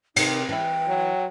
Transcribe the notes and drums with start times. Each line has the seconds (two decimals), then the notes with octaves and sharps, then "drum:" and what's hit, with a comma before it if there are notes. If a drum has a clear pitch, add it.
0.16 C3 D#3 D#4, drum: cymbal
0.49 E3 E4 G5
0.87 F#3